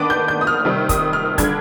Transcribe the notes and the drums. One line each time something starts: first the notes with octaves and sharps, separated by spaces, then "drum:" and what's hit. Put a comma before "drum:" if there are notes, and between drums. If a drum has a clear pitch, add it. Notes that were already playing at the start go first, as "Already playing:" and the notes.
Already playing: D#3 B3 D4 D6
G6
G6
D#6
F6
C3 D#3 G3
D#6, drum: kick, hi-hat
F6
D3 G3 D4 G#6, drum: kick, hi-hat